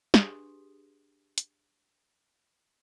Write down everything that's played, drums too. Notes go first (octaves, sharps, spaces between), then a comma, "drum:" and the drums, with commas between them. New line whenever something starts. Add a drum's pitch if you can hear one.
D4 G4 G#4 B4 C6 D#6, drum: snare
drum: hi-hat